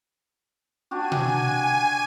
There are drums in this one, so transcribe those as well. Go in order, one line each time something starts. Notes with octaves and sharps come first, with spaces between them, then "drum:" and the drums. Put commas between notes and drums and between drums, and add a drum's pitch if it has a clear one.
D4 F#4 G4 G#5 D#7
drum: tom B2